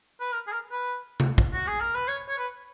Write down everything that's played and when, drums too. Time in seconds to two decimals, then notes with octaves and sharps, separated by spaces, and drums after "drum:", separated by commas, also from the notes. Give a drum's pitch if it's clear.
0.20 B4
0.33 A#4
0.47 G#4
0.52 A#4
0.72 B4
1.20 drum: tom C3
1.38 drum: kick
1.53 F#4
1.67 G#4
1.81 A#4
1.95 B4
2.08 C#5
2.29 C#5
2.38 B4